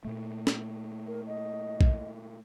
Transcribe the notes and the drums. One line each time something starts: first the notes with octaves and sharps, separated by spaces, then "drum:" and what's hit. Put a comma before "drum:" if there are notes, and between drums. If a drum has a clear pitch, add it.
A#2 A3
drum: snare
A#4
D#5
drum: kick